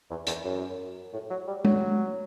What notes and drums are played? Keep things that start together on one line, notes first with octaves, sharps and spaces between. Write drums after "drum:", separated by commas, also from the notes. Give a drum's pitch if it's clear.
E2
E2, drum: hi-hat
F#2
A2
F#3
G3
F#3, drum: tom